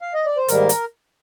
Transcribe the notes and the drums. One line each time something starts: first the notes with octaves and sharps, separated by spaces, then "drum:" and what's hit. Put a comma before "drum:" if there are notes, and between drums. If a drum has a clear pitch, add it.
F5
D#5
D5
C5
G#2 D#3 G3 A#3 A#4, drum: hi-hat
drum: hi-hat